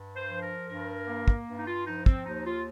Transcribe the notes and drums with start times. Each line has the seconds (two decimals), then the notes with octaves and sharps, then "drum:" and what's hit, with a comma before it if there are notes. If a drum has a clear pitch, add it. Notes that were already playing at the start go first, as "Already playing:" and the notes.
Already playing: G2
0.16 C5
0.29 F3
0.42 A#4
0.68 G2 A#4
1.07 A#3
1.28 drum: kick
1.47 G2
1.58 D#4
1.67 F4
1.87 F3 D#4
2.06 C4, drum: kick
2.26 D#2 D#4
2.46 F4